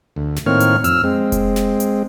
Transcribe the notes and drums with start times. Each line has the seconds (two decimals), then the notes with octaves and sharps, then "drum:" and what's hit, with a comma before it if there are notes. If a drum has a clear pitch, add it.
0.16 D2
0.36 drum: snare
0.46 A2 D#3 A#3 C4 C#5 F6
0.60 drum: hi-hat
0.84 F2 E6 F6, drum: hi-hat
1.04 G#3 C4
1.32 drum: kick F1, hi-hat
1.56 drum: snare
1.80 drum: hi-hat